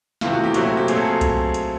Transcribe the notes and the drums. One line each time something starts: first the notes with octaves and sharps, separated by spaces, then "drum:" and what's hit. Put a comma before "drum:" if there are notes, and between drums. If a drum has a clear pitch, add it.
E2 C3 E3 A3 F4, drum: snare
F#4
G4
A#2 F#3 A3 C4 F#4, drum: hi-hat
F#4
G4
A#2 F#3 A3 C4 G#4, drum: hi-hat
A4
G#4
drum: kick B1, hi-hat
drum: hi-hat